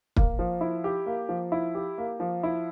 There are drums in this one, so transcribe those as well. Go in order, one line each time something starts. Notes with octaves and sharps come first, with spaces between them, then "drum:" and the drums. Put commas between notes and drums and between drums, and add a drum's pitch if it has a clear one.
A#3, drum: kick
F3
E4
G4
A#3
F3
E4
G4
A#3
F3
E4